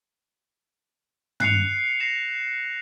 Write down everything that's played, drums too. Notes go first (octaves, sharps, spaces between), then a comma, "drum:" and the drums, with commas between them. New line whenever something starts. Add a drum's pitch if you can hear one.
F#6 C7 C#7 F7, drum: tom
A#6 C7 E7